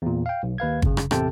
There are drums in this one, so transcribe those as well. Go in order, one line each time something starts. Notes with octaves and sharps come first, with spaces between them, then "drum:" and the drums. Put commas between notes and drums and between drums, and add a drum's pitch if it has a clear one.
E2 A#2
F5 G5
B1
D#2 B4 F5 G#6
F#2 C#3, drum: kick
drum: rim click
A1 E2 C3 A4 G5 A5, drum: rim click